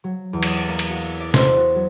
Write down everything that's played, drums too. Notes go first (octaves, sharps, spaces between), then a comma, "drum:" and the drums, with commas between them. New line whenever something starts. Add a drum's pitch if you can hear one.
F#3
E2
drum: cymbal
D5
A#3
drum: cymbal
F#4
E6
D5
C5, drum: snare
F#4
F#3